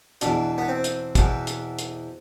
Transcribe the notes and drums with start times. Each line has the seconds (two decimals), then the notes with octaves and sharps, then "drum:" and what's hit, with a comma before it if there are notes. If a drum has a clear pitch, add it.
0.21 E2 B2 D4, drum: hi-hat
0.58 B3
0.68 C4
0.84 drum: hi-hat
1.15 E2 B2, drum: kick, hi-hat
1.47 drum: hi-hat
1.79 drum: hi-hat